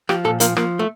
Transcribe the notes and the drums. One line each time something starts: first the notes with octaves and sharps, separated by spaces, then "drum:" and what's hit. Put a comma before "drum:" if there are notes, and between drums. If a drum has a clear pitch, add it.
F3 G4, drum: rim click
A#2 A4
F3 A#3, drum: hi-hat
F3 A#3, drum: rim click
A3